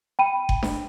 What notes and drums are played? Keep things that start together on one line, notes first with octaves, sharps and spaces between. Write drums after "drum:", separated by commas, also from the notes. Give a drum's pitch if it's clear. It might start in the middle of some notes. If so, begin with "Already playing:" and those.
G5 B5 D#7
drum: kick F#1
drum: snare D4